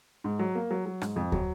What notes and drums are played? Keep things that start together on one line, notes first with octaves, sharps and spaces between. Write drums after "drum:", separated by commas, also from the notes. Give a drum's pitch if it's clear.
G#2
F#3
A#3
F#3
F#3
G#2, drum: rim click
F2
F#3, drum: kick